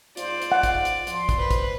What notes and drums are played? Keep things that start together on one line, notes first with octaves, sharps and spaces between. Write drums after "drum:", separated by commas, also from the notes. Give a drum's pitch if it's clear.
G#2 F4 C5 D5, drum: hi-hat
drum: hi-hat
F#5
drum: kick, hi-hat
drum: hi-hat
F3 C6, drum: hi-hat
drum: kick, hi-hat
B4 C5
drum: kick, hi-hat